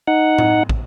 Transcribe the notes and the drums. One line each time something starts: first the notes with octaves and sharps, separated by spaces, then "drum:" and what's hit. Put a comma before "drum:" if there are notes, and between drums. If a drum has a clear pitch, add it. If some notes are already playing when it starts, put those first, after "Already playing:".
D#4 F#5
drum: tom A2
drum: kick